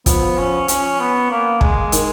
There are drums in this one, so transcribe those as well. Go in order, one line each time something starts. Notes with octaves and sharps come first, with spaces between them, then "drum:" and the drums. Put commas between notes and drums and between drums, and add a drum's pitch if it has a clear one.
F3 B3, drum: kick, hi-hat
C#4
C#4, drum: hi-hat
B3
A#3
G#3, drum: kick
D#3, drum: hi-hat